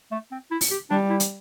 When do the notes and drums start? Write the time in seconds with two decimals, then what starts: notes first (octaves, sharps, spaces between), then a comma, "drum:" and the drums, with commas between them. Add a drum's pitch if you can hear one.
0.11 A3
0.31 C4
0.51 E4
0.61 drum: open hi-hat
0.71 G4
0.90 G3 D4
1.09 E4
1.20 drum: hi-hat